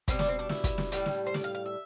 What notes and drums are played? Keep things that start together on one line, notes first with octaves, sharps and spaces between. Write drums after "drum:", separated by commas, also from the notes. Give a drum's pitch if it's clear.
B2 G3 C4, drum: kick, hi-hat
D4, drum: snare
C4
D4
E4, drum: snare
drum: kick, hi-hat
drum: snare
A2 G3, drum: hi-hat
drum: snare
C5
D5, drum: snare
F5
F5
E5